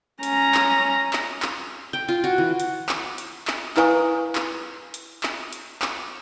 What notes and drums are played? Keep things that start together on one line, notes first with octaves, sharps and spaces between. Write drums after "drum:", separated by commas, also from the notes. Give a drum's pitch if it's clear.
C#4 A#5, drum: hi-hat
drum: clap
drum: clap
drum: clap
G5
F4
F#4
E3
drum: hi-hat
drum: clap
drum: hi-hat
drum: clap
E4 B4 F5 G#5 C#6 D#6, drum: clap
drum: clap
drum: hi-hat
drum: clap
drum: hi-hat
drum: clap